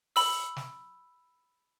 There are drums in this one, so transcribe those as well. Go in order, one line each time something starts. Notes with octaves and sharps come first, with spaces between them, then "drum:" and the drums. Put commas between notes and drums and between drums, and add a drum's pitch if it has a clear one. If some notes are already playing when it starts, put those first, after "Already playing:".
B5 E6, drum: open hi-hat
drum: snare